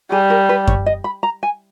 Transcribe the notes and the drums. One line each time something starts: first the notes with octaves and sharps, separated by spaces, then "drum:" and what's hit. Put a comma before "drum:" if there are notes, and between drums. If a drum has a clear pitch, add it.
G3 G#4
A#4
B4
C#5, drum: kick F#2
D#5
B5
A#5
G#5